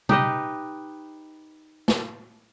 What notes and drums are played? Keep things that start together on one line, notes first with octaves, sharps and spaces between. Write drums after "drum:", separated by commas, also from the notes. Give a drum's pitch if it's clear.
D#4 G4 B4 D#5, drum: tom B2
drum: snare